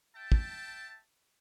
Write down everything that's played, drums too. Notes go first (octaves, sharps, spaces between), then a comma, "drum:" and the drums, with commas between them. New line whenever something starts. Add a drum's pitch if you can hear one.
E5 G5 A5
drum: kick